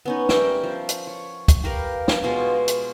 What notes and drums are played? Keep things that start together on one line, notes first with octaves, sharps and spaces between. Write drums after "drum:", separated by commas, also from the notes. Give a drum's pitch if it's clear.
B3 C#4 D#4
G3 A#4 E5 G5, drum: snare
F3
drum: hi-hat
C#5
drum: kick, hi-hat
G4 A#4 B4 F5
drum: snare
B2 G#3 F4 G#5
drum: hi-hat